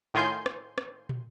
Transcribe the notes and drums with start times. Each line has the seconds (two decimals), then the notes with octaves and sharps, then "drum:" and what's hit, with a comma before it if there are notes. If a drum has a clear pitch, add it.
0.14 A2 D#3 F4 G#5 C6 G6
0.46 drum: rim click
0.78 drum: rim click
1.09 drum: tom